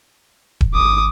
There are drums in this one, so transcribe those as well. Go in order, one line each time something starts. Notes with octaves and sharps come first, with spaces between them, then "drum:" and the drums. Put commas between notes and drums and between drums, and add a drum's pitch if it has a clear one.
drum: kick D#1
G#1 D6 D#6